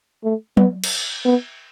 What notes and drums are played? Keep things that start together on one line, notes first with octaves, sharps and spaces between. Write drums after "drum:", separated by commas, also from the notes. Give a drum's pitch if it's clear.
A3
B3, drum: tom F#3
drum: cymbal
B3